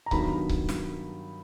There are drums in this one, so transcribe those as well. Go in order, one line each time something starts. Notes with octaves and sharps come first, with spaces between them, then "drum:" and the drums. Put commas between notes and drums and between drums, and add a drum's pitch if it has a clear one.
A#5
G2 D#3 F#3 B3 B5, drum: kick C#1
drum: kick C#1
drum: snare